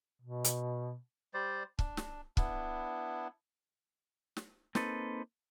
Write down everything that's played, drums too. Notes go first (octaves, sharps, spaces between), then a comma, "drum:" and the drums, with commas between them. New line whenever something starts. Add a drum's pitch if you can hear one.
B2
drum: hi-hat
G3 C5 D5
D4, drum: kick
drum: snare
B3 D4 E4, drum: kick
drum: snare
A#3 C4 D#4 A4 B4, drum: snare